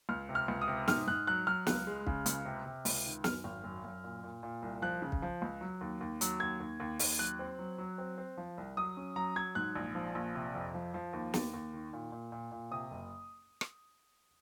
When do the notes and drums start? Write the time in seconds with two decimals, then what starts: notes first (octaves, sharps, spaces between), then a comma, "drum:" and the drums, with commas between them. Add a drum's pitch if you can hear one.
0.09 C#2 F6
0.29 C3
0.35 F6
0.48 C#2
0.62 D#6
0.68 C3
0.88 G#2 F6, drum: snare
1.08 G#2 F#6
1.27 F#3 F#6
1.47 F#3 F6
1.67 C#2 F#6, drum: snare
1.87 G#3
2.07 C#3, drum: kick B1
2.26 C#2, drum: hi-hat
2.45 C3
2.66 C3
2.85 C#2, drum: open hi-hat
3.05 D#3
3.24 F#2 F6, drum: snare
3.44 G#1
3.64 F#2
3.84 F#2
4.04 A#2
4.23 A#2
4.43 A#2
4.62 C2
4.82 F3 F#6
5.02 C#3
5.12 drum: kick B1
5.22 F3
5.42 C#2
5.61 F#3
5.81 D#2
6.01 D#2
6.21 F#3, drum: hi-hat
6.40 D#2 G#6
6.60 D#2
6.80 D#2
6.99 D#2, drum: open hi-hat
7.19 F#3 F#6
7.39 C4
7.59 F#3
7.78 F#3
7.98 C4
8.18 C4
8.37 F3
8.58 C2
8.77 F#3 D#6
8.97 C#4
9.16 F#3 A#5
9.36 F#3 G#6
9.55 G#2 F#6
9.75 A#1
9.95 F3
10.15 A#1
10.35 C3
10.55 F2
10.74 F3
10.94 F3
11.13 D#2
11.34 D#2, drum: snare
11.54 D#2
11.73 D#3
11.93 A#2
12.12 A#2
12.32 A#2
12.51 A#2
12.71 C3 D#6
12.91 F#1
13.61 drum: rim click